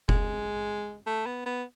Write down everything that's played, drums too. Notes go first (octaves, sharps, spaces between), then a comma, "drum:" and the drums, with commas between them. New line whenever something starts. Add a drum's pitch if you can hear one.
G#3, drum: kick F1
A3
B3
B3